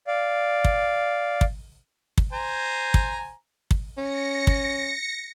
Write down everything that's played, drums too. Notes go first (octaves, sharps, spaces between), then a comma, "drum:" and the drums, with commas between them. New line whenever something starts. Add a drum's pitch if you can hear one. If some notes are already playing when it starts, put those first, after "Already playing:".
D5 F5
drum: kick
drum: kick
drum: kick
C5 G#5 A#5
drum: kick
drum: kick
C#4 A#6 C#7
drum: kick